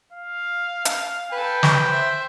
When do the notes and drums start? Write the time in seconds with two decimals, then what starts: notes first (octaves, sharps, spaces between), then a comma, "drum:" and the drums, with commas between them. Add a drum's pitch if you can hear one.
0.12 F5
0.85 drum: hi-hat
1.32 A4 B4 G5 G#5
1.63 drum: snare
1.86 C5 E5